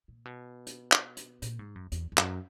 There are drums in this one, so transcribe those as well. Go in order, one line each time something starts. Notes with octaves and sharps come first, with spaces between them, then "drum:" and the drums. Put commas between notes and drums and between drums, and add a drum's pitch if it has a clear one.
A#2
B2
drum: hi-hat
drum: clap
drum: hi-hat
A#2, drum: hi-hat
G#2
F#2
E2, drum: hi-hat
E2
F#2, drum: clap